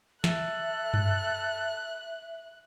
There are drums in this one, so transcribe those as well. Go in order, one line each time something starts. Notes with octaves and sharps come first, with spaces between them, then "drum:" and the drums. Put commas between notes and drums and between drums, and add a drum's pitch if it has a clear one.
A4 E5 F#6, drum: snare
drum: tom G2